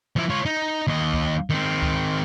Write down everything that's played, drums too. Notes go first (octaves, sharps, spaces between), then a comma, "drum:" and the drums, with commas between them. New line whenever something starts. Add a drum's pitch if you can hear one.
F3 E4
F4 C#5
D#4
D#2 D#5
drum: kick C#2
D#3 C4
drum: kick C#2